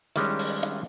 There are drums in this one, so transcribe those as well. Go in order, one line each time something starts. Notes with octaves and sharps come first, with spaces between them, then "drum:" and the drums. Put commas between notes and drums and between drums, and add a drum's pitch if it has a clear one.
D#3 G3 G#3 C#4, drum: hi-hat
drum: open hi-hat
drum: hi-hat